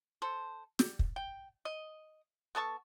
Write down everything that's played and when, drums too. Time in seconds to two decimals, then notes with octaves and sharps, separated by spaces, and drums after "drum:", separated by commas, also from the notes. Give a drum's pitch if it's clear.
0.22 A4 C5
0.79 G3, drum: snare
0.99 drum: kick
1.16 G5
1.65 D#5
2.55 B3 A4 A5 C#6